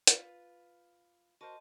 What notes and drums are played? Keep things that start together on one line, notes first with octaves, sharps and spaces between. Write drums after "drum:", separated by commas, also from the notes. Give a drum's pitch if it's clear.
F4 B4, drum: hi-hat
F#4 A#4 C5 D#5 A5 C6